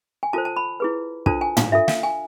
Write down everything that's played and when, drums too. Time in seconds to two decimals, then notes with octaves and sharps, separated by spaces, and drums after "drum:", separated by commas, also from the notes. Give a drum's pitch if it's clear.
0.23 G#5
0.33 F4 A4 C5 A5
0.45 A5
0.57 B5
0.80 E4 G#4 B4
1.26 D4 F4 A4 C5 A5, drum: kick
1.41 G#5
1.57 F5, drum: tom
1.72 D4 F4 A4 E5
1.88 F5, drum: snare
2.03 G#5